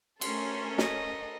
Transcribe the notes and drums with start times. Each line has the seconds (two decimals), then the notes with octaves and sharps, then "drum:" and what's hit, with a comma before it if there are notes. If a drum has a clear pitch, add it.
0.21 A3 C#4 A4 A#4 C6, drum: cymbal
0.78 D#5, drum: snare